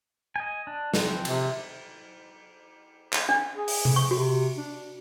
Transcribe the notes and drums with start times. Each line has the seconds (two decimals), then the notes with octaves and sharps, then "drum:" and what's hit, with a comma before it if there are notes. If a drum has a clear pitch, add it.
0.36 D#5 G#5
0.67 D4
0.94 E3 F3 C4, drum: snare
1.25 C3, drum: cymbal
3.13 drum: clap
3.29 D4
3.56 G#4
3.68 drum: open hi-hat
3.85 drum: tom C3
3.96 C#6
4.11 C3 F#4
4.57 D4